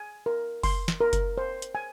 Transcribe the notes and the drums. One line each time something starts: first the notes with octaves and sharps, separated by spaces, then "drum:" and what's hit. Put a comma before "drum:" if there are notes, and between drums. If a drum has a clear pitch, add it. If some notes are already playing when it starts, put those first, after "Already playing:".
Already playing: G#5
A#4
C6, drum: kick F#1, open hi-hat
drum: snare
A#4
drum: kick F#1, hi-hat
C5
drum: hi-hat
G#5